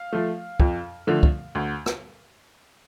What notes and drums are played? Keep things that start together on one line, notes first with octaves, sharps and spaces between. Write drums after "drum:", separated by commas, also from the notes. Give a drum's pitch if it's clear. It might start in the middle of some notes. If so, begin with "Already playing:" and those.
Already playing: F5
F3 A3
F2, drum: kick
D3 F3 A3
drum: kick
D2
drum: rim click